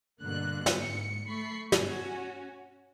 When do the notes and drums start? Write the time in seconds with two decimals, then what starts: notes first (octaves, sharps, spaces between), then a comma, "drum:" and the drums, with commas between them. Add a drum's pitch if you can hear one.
0.20 G2 B2 D3 A#3 F#6
0.66 drum: snare
0.79 G#2 C#7
1.26 A3 B5 C#6 C7
1.72 C#4 F#4, drum: snare